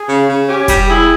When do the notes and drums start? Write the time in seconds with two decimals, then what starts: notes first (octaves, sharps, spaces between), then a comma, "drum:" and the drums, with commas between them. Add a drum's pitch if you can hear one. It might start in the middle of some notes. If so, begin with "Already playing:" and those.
Already playing: G#4
0.09 C#3
0.29 C#3
0.48 C#4 G4
0.68 G3, drum: kick F1, hi-hat
0.89 E4 G#4